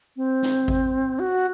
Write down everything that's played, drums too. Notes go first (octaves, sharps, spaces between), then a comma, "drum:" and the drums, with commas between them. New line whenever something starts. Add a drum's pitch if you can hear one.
C4
drum: snare
drum: kick G#1
F#4